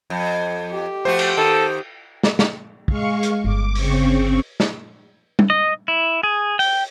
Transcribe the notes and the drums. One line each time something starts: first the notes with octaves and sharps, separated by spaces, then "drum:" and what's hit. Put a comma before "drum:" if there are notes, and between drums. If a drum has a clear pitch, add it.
F2
G4
F3 A3 F#4 C5
drum: cymbal
D#3 A4
drum: snare
drum: snare
G#3 F5 C#6, drum: kick
drum: hi-hat
G1 D6
C#3 C4 C#6, drum: open hi-hat
drum: snare
drum: tom G3
D#5
E4
G#4
G5, drum: open hi-hat